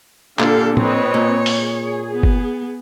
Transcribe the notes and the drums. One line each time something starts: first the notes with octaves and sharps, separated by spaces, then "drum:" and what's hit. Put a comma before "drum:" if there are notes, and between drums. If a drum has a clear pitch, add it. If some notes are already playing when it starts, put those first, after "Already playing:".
A#2 D3 D4 G4 A4 F5, drum: clap
C4 B4 C#5 D#5, drum: tom A2
A#2
drum: open hi-hat
G#4
B3
drum: kick